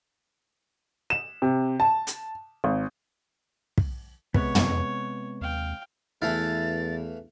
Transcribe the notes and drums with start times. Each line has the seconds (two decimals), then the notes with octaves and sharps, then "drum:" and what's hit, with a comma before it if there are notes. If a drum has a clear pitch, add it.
1.10 E7
1.42 C3
1.80 A5
2.07 drum: hi-hat
2.64 G#1
3.78 drum: kick
4.34 C3 G#3 B3 C#5, drum: kick
4.55 drum: tom
5.41 D#2 F5 G5
6.22 E2 E3 A3 E4 F5 A6